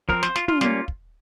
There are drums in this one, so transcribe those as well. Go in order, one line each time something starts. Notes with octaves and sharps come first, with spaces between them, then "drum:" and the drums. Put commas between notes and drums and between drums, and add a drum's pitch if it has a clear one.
F3 C4 A#4, drum: kick
C5, drum: snare
F4, drum: snare
F4, drum: tom
G3 A#3 C#4 F4, drum: snare
drum: kick